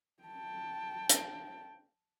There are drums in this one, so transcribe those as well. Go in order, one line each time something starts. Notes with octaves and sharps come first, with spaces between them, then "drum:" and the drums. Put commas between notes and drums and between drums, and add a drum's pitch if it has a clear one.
G5 A5
drum: hi-hat